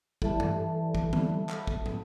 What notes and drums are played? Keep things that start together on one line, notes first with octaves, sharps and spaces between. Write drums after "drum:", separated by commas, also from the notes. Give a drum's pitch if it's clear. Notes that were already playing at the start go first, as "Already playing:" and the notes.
E3 G3 A4 E5 A5, drum: kick
drum: tom G2
drum: kick
drum: tom
drum: clap
drum: kick
drum: tom